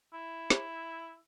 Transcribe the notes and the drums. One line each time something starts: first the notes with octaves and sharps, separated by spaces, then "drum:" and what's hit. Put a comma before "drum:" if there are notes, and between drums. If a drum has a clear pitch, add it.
E4
drum: snare